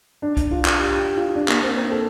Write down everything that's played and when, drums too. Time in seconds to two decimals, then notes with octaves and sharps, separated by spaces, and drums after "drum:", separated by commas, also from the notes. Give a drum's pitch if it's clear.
0.22 D4
0.37 drum: kick C2, hi-hat
0.51 F4
0.65 drum: clap
0.78 G4
0.98 G4
1.17 F4
1.36 D4
1.48 A#3, drum: clap
1.63 C4
1.76 C4
1.91 A4